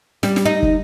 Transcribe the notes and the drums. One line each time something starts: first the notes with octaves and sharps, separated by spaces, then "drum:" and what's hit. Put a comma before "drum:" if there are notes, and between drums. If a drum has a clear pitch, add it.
G3, drum: snare
drum: snare
D#4
drum: kick